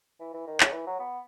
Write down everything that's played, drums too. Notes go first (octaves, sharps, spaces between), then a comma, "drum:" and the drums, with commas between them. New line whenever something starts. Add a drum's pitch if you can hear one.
E3
E3
D#3
C#3, drum: clap
E3
F#3
B3